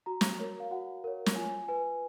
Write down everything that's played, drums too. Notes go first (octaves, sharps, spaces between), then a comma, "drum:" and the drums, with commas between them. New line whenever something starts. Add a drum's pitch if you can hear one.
F#4 A#5
drum: snare
A#4 C#5
F5
F#4 F#5
A#4 C#5
drum: snare
F4 G#5
B4 G#5